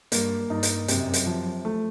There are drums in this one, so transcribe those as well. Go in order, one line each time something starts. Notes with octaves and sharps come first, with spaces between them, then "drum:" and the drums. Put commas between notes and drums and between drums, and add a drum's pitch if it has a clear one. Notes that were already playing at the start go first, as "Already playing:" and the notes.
G2 A#3, drum: hi-hat
G2 D#4
drum: hi-hat
F#2 C3, drum: hi-hat
drum: hi-hat
F3
A3